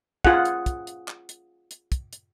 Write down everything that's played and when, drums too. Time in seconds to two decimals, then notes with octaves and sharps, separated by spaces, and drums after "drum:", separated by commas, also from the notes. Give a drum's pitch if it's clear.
0.25 F4 G#4 F#5, drum: kick
0.45 drum: hi-hat
0.66 drum: kick, hi-hat
0.87 drum: hi-hat
1.08 drum: clap
1.29 drum: hi-hat
1.71 drum: hi-hat
1.92 drum: kick, hi-hat
2.13 drum: hi-hat